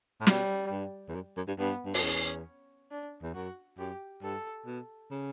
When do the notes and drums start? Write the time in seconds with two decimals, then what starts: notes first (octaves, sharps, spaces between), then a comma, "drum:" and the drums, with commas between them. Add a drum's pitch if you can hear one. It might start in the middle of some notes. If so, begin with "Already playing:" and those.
0.21 A2
0.27 B2 G3, drum: snare
0.71 G2
1.08 E2
1.15 F#2
1.37 F#2
1.48 G2
1.59 G2 B3
1.85 G2
1.94 F#2, drum: open hi-hat
2.02 E2 C#4
2.91 D4
3.23 E2
3.34 F#2 F#4
3.78 F#2 G4
4.22 G2 A4
4.66 B2
5.11 C#3